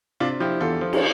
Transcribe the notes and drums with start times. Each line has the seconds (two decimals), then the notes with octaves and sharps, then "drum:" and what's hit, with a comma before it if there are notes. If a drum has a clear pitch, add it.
0.20 C3 D4 F4
0.40 F3 E4 G4
0.61 E2 F4 A4
0.81 F3
0.93 drum: cymbal